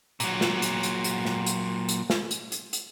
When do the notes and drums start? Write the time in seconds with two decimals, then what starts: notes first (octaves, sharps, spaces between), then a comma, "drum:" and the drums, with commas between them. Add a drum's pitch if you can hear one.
0.20 A#2 F#3, drum: hi-hat
0.41 drum: snare
0.62 drum: hi-hat
0.83 drum: hi-hat
1.04 drum: hi-hat
1.25 drum: snare
1.46 drum: hi-hat
1.89 drum: hi-hat
2.10 drum: snare
2.31 drum: hi-hat
2.52 drum: hi-hat
2.73 drum: hi-hat